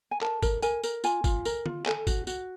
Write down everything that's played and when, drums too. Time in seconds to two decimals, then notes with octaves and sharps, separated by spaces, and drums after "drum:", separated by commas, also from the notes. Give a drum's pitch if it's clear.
0.11 G#5
0.21 A#4 A5, drum: clap
0.42 A#4, drum: kick, tambourine
0.62 A#4 G#5, drum: tambourine
0.84 A#4, drum: tambourine
1.04 F4 G#5, drum: tambourine
1.24 F4, drum: kick, tambourine
1.45 A#4, drum: tambourine
1.66 F4, drum: tom D3
1.86 A4 G#5, drum: clap
2.07 F#4, drum: kick, tambourine
2.27 F#4, drum: tambourine